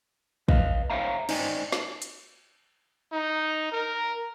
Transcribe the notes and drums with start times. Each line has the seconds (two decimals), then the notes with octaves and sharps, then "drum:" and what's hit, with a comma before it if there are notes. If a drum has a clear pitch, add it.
0.49 B4 D#5 F5, drum: kick
0.90 C5 C#5 E5 F5 G5 A#5
1.29 D#4 C5 D5 D#5 G5 G#5, drum: cymbal
1.72 drum: snare
2.02 drum: hi-hat
3.12 D#4
3.72 A#4